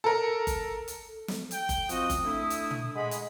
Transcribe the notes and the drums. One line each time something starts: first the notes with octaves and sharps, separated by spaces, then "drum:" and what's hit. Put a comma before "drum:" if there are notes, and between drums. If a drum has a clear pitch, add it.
A4 A#4
drum: kick F#1, hi-hat
drum: hi-hat
A4
drum: snare
G5, drum: hi-hat
drum: kick F#1, hi-hat
F3 C4 F#4 D#5 D#6, drum: hi-hat
drum: kick F#1, hi-hat
A3 D4 E4
drum: hi-hat
drum: tom
G#3 F#5 G#5 B5
drum: hi-hat